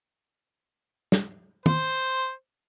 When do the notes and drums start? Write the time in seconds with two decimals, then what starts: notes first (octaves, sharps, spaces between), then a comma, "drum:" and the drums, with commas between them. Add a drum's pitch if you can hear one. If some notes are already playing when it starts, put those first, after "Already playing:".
1.12 drum: snare
1.66 C5, drum: tom